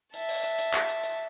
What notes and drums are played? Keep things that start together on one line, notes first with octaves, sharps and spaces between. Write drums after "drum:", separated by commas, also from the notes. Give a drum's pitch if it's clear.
E5 A5, drum: hi-hat
drum: open hi-hat
drum: hi-hat
drum: hi-hat
drum: clap
drum: hi-hat
drum: hi-hat